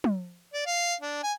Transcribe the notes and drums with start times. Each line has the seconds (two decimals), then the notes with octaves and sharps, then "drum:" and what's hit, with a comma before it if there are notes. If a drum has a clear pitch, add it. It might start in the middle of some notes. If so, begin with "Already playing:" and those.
0.04 drum: tom
0.54 D5
0.66 F5
1.01 D4
1.23 G#5